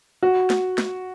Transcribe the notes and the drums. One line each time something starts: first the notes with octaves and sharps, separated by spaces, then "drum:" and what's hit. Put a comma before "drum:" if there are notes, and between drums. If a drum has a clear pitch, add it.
F#4
drum: snare
drum: snare